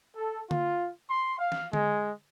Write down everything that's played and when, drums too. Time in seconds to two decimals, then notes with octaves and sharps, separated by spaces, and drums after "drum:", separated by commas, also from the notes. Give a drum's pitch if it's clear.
0.16 A4
0.51 F4, drum: tom D3
1.10 C6
1.39 F5
1.52 drum: snare
1.73 G#3, drum: tom D3